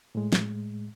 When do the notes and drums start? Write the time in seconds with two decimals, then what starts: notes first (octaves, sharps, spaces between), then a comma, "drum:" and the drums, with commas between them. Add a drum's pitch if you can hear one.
0.15 A2 G#3
0.33 drum: snare